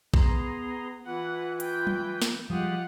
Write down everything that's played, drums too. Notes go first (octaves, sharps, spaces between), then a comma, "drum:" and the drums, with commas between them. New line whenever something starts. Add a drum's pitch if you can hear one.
B3 G#4 A#5 C6, drum: kick A#1
E3 F4 B4 F#5
G5 G6, drum: hi-hat
drum: tom F#3
drum: snare
F3 G3 G#3 F4 G4 F#5 D#6